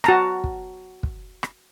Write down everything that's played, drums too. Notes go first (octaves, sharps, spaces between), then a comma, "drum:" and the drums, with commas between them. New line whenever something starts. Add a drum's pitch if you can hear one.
F#4 A5 A#5, drum: rim click
drum: kick
drum: kick
drum: rim click